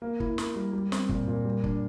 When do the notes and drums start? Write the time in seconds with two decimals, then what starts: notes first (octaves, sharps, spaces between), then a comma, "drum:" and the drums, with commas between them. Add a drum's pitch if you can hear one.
0.02 A#3
0.20 E4, drum: kick
0.38 A#4, drum: snare
0.56 G3
0.73 G3
0.92 C4, drum: snare
1.09 A#2, drum: kick
1.27 A#2
1.45 G3
1.64 D4, drum: kick